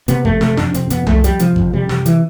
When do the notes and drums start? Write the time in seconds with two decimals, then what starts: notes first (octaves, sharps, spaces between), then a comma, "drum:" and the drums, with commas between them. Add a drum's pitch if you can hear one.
0.08 C3 B3, drum: hi-hat
0.25 F2 A3, drum: kick G#1
0.41 C3 A3, drum: snare
0.57 F2 D4, drum: snare
0.74 C3 C4, drum: hi-hat
0.90 F2 B3, drum: hi-hat
1.07 F2 A3, drum: tom C2
1.24 F2 G3, drum: hi-hat
1.39 C3 F3, drum: hi-hat
1.56 F2, drum: kick G#1
1.73 C3 G3
1.89 C3, drum: snare
2.06 E3, drum: hi-hat